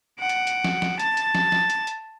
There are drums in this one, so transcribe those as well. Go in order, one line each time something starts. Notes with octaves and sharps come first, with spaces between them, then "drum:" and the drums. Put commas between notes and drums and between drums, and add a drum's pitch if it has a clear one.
F#5 D7
drum: hi-hat
drum: hi-hat
drum: snare
drum: snare
A5 A6, drum: hi-hat
drum: hi-hat
drum: snare
drum: snare
drum: hi-hat
drum: hi-hat